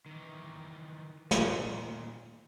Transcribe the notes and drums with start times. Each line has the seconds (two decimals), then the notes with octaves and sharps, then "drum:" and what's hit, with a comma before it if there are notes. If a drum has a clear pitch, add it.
0.06 D#3 E3
1.31 A#2 D#3, drum: snare